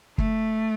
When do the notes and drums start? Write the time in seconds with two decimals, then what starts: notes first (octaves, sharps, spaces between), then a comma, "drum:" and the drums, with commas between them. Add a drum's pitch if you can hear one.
0.18 A3, drum: kick